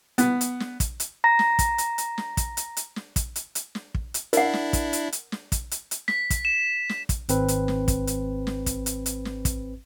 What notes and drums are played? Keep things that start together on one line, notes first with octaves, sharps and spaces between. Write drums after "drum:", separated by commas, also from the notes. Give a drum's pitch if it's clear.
B3, drum: hi-hat
drum: hi-hat
drum: snare
drum: kick, hi-hat
drum: hi-hat
A#5 A#6
drum: snare
drum: kick, hi-hat
drum: hi-hat
drum: hi-hat
drum: snare
drum: kick, hi-hat
drum: hi-hat
drum: hi-hat
drum: snare
drum: kick, hi-hat
drum: hi-hat
drum: hi-hat
drum: snare
drum: kick
drum: hi-hat
D4 E4 A#4 F#5, drum: hi-hat
drum: snare
drum: kick, hi-hat
drum: hi-hat
drum: hi-hat
drum: snare
drum: kick, hi-hat
drum: hi-hat
drum: hi-hat
B6, drum: snare
drum: kick, hi-hat
E7
drum: snare
drum: kick, hi-hat
G#1 C4 B4, drum: hi-hat
drum: hi-hat
drum: snare
drum: kick, hi-hat
drum: hi-hat
drum: snare
drum: kick, hi-hat
drum: hi-hat
drum: hi-hat
drum: snare
drum: kick, hi-hat